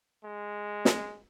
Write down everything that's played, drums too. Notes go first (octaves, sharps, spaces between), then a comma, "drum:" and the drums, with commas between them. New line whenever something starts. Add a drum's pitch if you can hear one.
G#3
drum: snare